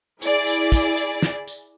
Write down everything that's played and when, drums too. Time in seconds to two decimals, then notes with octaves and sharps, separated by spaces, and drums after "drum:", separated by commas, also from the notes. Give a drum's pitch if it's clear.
0.22 E4 G#4 D5, drum: tambourine
0.47 drum: tambourine
0.72 drum: kick, tambourine
0.97 drum: tambourine
1.22 drum: snare
1.48 drum: tambourine